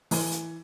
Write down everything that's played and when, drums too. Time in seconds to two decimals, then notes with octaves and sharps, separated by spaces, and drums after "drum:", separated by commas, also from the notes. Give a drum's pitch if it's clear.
0.11 E3, drum: open hi-hat
0.32 drum: hi-hat